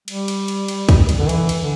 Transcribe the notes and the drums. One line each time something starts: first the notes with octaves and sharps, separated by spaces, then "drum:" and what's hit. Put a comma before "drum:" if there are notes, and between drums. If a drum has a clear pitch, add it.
G3, drum: cymbal
drum: cymbal
drum: cymbal
drum: cymbal
drum: kick, cymbal
drum: cymbal
D3
E3, drum: cymbal
drum: cymbal
D3